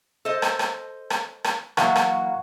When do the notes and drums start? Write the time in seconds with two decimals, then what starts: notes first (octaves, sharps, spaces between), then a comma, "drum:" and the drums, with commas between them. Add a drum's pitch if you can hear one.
0.25 A4 C5 D#5
0.42 drum: rim click
0.59 drum: rim click
1.10 drum: rim click
1.44 drum: rim click
1.77 E3 F#3 A#3 F5 F#5 C#6, drum: rim click
1.96 drum: rim click